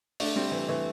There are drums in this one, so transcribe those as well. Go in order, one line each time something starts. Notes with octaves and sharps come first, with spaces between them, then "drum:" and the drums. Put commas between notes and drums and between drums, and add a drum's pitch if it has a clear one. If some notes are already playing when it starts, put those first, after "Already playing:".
A3 D4, drum: open hi-hat
G3 C4
E3 A3
E3 A3